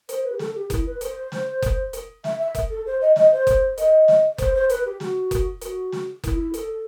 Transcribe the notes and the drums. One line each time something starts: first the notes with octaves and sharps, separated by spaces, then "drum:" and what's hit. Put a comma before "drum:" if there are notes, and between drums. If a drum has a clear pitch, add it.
C5, drum: hi-hat
B4
G4
A4, drum: snare
G4
E4, drum: kick F#1, hi-hat
B4
C5, drum: hi-hat
drum: snare
drum: kick F#1, hi-hat
drum: hi-hat
E5, drum: snare
E5
drum: kick F#1, hi-hat
A4
C5
D#5
D#5, drum: snare
C5
drum: kick F#1, hi-hat
D#5, drum: hi-hat
drum: snare
C5, drum: kick F#1, hi-hat
C5
B4, drum: hi-hat
G4
F#4, drum: snare
drum: kick F#1, hi-hat
F#4, drum: hi-hat
drum: snare
E4, drum: kick F#1, hi-hat
E4
A4, drum: hi-hat